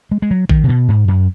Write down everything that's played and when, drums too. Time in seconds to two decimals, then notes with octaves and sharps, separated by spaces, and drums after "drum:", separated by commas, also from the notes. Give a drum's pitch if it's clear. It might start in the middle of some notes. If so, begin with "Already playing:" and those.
0.11 G#3
0.22 G#3
0.31 F#3
0.49 D#3, drum: kick A1
0.64 C#3
0.69 B2
0.88 G#2
1.08 F#2